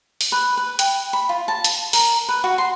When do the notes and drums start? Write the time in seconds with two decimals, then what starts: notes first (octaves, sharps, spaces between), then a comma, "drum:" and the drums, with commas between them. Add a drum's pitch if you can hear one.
0.21 drum: open hi-hat
0.32 B4
0.57 B4
0.79 G5, drum: hi-hat
1.13 B5
1.29 F4
1.48 A5
1.64 drum: hi-hat
1.93 A#4, drum: open hi-hat
2.28 B4
2.44 F#4
2.58 C6